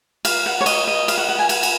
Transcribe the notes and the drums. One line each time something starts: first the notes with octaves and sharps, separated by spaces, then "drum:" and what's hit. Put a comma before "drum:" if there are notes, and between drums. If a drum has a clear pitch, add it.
F5, drum: cymbal
F#5
C#5
D#5, drum: cymbal
D#5
F5, drum: cymbal
F#5
F#5
G#5
F#5, drum: cymbal
drum: cymbal